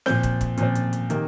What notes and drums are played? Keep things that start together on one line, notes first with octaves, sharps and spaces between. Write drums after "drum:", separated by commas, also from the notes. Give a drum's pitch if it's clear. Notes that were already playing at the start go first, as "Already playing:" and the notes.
A#2 F3 C4 G6, drum: snare C4
drum: kick, hi-hat
drum: kick, hi-hat
A#2 F3 C4, drum: hi-hat
drum: hi-hat
drum: hi-hat
C3 D#3 A#3, drum: hi-hat